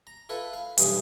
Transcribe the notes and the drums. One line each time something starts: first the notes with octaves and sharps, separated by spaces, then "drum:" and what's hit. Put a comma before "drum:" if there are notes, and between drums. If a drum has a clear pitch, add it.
A#5
E4 F4 A4 B4
F5
B1 G2 E3 G3 D#4 D#6, drum: hi-hat